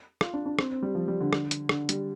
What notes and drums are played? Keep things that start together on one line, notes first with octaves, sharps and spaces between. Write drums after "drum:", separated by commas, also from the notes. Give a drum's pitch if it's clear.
F4, drum: rim click
D4
D4
C4, drum: rim click
C4
G3
F3
G3
D3
drum: rim click
drum: hi-hat
D3, drum: rim click
G3, drum: hi-hat